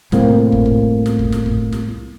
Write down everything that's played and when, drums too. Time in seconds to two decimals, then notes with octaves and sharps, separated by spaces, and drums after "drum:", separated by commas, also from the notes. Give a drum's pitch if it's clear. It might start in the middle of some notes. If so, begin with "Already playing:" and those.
0.12 C2 A2 A#3 C4, drum: snare
0.52 drum: kick
0.66 drum: kick
1.06 drum: snare
1.19 drum: kick
1.32 drum: snare
1.46 drum: kick
1.72 drum: snare